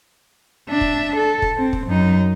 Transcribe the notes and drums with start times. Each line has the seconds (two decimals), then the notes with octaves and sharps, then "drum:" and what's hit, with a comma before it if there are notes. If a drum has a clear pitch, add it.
0.69 D4 E5
0.81 drum: kick
1.16 A4
1.42 drum: kick
1.58 C4
1.73 drum: kick
1.87 F#2 D#4